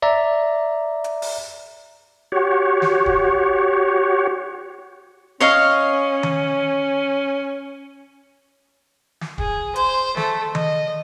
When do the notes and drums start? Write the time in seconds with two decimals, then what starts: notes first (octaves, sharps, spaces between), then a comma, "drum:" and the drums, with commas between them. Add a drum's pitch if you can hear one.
0.02 D5 E5 A#5
1.04 drum: hi-hat
1.22 drum: open hi-hat
2.32 F#4 G4 C#5
2.82 drum: snare
3.06 drum: kick
5.40 C#4 C#5 D#5 F5, drum: hi-hat
6.23 drum: tom D#3
9.21 drum: snare
9.38 G#4, drum: kick
9.76 C5, drum: hi-hat
10.17 A3, drum: snare
10.55 D#5, drum: tom D#3